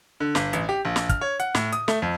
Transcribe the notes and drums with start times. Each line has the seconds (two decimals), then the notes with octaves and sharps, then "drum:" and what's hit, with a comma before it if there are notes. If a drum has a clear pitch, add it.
0.20 D3
0.35 G1, drum: snare
0.53 A1, drum: hi-hat
0.69 G4
0.85 A#1
0.96 drum: snare
1.09 F6, drum: kick, hi-hat
1.21 C#5
1.40 F#5, drum: hi-hat
1.55 A2, drum: snare
1.72 D#6, drum: hi-hat
1.88 A3, drum: snare
2.02 F2